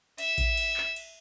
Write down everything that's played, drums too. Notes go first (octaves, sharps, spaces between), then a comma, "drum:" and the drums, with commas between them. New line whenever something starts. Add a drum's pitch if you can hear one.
E5, drum: cymbal
drum: kick A1, cymbal
drum: cymbal
drum: clap
drum: cymbal